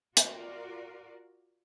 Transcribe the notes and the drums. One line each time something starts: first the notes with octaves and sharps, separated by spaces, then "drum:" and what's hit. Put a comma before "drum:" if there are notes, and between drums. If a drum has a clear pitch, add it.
F4 F#4 A#4 D5, drum: hi-hat